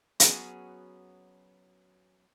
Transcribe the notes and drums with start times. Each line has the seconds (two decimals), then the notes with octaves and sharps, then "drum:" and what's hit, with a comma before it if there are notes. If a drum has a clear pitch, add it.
0.20 F#3 B3 C#4 F#4 G#4, drum: hi-hat